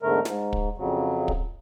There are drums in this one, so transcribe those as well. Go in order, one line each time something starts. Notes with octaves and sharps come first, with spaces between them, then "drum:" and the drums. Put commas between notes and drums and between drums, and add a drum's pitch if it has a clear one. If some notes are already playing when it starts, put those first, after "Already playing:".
E2 G#2 D3 A3 A#4
G#2, drum: snare
drum: kick
F2 C#3 F#3
drum: kick